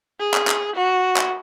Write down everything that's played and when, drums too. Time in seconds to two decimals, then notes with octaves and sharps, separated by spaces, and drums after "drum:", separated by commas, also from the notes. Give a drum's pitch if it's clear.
0.20 G#4
0.34 drum: clap
0.47 drum: clap
0.75 F#4
1.16 drum: clap